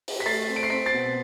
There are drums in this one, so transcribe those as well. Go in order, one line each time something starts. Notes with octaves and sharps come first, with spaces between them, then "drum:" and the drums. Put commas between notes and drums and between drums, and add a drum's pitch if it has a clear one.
drum: open hi-hat
B6
A3 A6 C7
C4
D7
C7
C4 B6 D7
A6 C7
B2